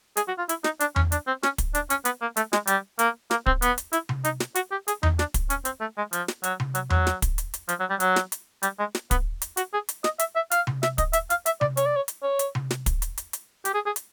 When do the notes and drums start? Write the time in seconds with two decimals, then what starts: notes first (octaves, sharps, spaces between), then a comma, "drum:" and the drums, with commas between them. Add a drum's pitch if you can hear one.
0.17 G#4, drum: hi-hat
0.28 F#4
0.38 F4
0.49 E4, drum: hi-hat
0.64 D#4, drum: snare
0.80 D4, drum: hi-hat
0.96 C#4, drum: tom E2
1.12 D4, drum: hi-hat
1.27 C4
1.43 C#4, drum: snare
1.58 drum: kick, hi-hat
1.75 D4, drum: hi-hat
1.90 C#4, drum: hi-hat
2.05 B3, drum: hi-hat
2.22 A#3
2.37 A3, drum: hi-hat
2.53 G#3, drum: snare
2.67 G3, drum: hi-hat
2.99 A#3, drum: hi-hat
3.31 A#3, drum: snare
3.46 C4, drum: kick
3.62 B3, drum: hi-hat
3.78 drum: hi-hat
3.93 E4, drum: hi-hat
4.09 drum: tom C3
4.25 D#4, drum: hi-hat
4.40 drum: snare
4.55 F#4, drum: hi-hat
4.71 G4
4.88 G#4, drum: hi-hat
5.03 D#4, drum: tom E2
5.19 D4, drum: snare
5.34 drum: kick, hi-hat
5.50 C#4, drum: hi-hat
5.65 C4, drum: hi-hat
5.81 A3
5.98 G#3
6.13 F3, drum: hi-hat
6.28 drum: snare
6.44 F#3, drum: hi-hat
6.60 drum: tom C3
6.75 F#3, drum: hi-hat
6.90 F#3, drum: tom E2
7.07 drum: snare
7.22 drum: kick, hi-hat
7.38 drum: hi-hat
7.54 drum: hi-hat
7.69 F3, drum: hi-hat
7.80 F#3
7.90 G3
8.00 F#3, drum: hi-hat
8.16 drum: snare
8.32 drum: hi-hat
8.63 G3, drum: hi-hat
8.79 G#3
8.95 drum: snare
9.11 B3, drum: kick, hi-hat
9.42 drum: hi-hat
9.57 F#4, drum: hi-hat
9.74 G#4
9.89 drum: hi-hat
10.04 D#5, drum: snare
10.19 E5, drum: hi-hat
10.36 E5
10.51 F5, drum: hi-hat
10.67 drum: tom C3
10.83 E5, drum: snare
10.98 D#5, drum: kick, hi-hat
11.13 E5, drum: hi-hat
11.30 F5, drum: hi-hat
11.46 E5, drum: hi-hat
11.61 D5, drum: tom C3
11.77 C#5, drum: hi-hat
11.86 D5
11.96 C#5
12.08 drum: hi-hat
12.23 C#5
12.39 drum: hi-hat
12.55 drum: tom C3
12.71 drum: snare
12.86 drum: kick, hi-hat
13.02 drum: hi-hat
13.18 drum: hi-hat
13.33 drum: hi-hat
13.65 G4, drum: hi-hat
13.74 G#4
13.86 G#4
13.96 drum: hi-hat